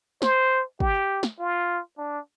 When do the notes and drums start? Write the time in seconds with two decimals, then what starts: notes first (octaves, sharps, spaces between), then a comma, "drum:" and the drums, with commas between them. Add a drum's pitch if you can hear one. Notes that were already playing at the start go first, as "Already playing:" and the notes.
0.22 C5, drum: snare
0.80 G4, drum: kick
1.23 drum: snare
1.39 F4
1.98 D4